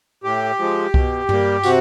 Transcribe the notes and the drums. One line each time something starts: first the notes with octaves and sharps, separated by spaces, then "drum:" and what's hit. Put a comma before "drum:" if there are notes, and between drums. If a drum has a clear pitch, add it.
A2 G4
F3 G#3
B2, drum: kick C2
G3 A#3, drum: tom G2
C3 F#4, drum: tambourine